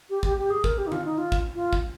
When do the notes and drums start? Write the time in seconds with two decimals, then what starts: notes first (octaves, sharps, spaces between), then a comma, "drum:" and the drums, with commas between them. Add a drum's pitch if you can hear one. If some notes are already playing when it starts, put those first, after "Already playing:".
0.10 G4
0.23 G4, drum: kick
0.37 G4
0.50 G#4
0.64 A#4, drum: kick
0.78 G4
0.87 D#4
0.92 F4, drum: tom D#3
1.05 D#4
1.18 F4
1.32 drum: kick
1.55 F4
1.73 drum: kick